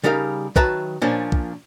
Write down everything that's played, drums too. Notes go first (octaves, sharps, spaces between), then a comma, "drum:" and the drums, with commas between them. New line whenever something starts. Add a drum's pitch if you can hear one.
C#3 G3 D#4 A#4 F5
D#3 F#3 B4 E5 A5 A#5, drum: kick
A#2 F3 A#3 C#4 D4
drum: kick